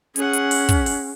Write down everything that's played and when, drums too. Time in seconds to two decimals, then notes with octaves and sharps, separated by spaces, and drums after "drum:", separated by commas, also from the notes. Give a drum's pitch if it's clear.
0.16 C#4 G#4 F#5, drum: hi-hat
0.33 drum: hi-hat
0.51 drum: open hi-hat
0.69 drum: kick, hi-hat
0.86 drum: open hi-hat